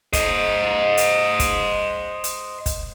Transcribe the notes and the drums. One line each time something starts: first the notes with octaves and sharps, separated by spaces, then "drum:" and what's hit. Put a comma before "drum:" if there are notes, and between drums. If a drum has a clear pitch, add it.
C5 D#5, drum: kick, hi-hat
drum: hi-hat
drum: kick, hi-hat
drum: hi-hat
drum: kick, hi-hat